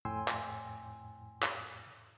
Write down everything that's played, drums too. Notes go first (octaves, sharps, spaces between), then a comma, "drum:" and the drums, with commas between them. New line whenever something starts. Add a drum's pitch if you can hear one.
F2 A2 G5 G#5 C6 E6
drum: clap
drum: clap